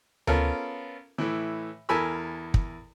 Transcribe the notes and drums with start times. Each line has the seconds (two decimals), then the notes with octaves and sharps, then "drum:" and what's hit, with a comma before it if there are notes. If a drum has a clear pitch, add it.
0.27 B3 C#4 F4 A4 A#4, drum: tom D2
1.18 A2 E3
1.89 E2 A4 A#4 G#5 B5 E6
2.54 drum: kick